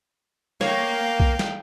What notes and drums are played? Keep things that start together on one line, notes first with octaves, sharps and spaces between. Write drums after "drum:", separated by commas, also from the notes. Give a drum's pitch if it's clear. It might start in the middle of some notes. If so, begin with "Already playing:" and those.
A#3 C#5 F5 G5, drum: snare
drum: kick B1
drum: snare